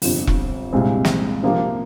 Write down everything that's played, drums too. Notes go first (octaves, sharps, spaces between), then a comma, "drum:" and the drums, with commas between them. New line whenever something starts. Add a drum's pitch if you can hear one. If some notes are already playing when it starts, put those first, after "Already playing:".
G1 F2 C3, drum: open hi-hat
drum: kick E1
C2 A#2 G#3 C4
drum: snare
C3 F3 A#3 D4 G4